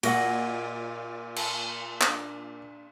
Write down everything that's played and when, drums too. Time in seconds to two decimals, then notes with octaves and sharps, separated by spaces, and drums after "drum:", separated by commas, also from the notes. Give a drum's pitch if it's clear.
0.03 A#2 F#4 D#5 F#5, drum: cymbal
1.36 drum: cymbal
2.01 D4, drum: clap